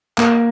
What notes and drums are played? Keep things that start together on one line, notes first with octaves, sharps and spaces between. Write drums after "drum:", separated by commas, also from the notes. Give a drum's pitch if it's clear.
A#3, drum: clap